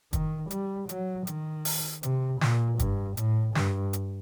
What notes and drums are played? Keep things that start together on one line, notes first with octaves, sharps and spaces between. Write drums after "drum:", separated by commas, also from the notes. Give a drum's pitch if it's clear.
D#3, drum: kick, hi-hat
G3, drum: hi-hat
F#3, drum: hi-hat
D#3, drum: hi-hat
drum: open hi-hat
C3, drum: hi-hat
A#2, drum: snare
G2, drum: kick, hi-hat
A2, drum: hi-hat
G2, drum: snare
drum: hi-hat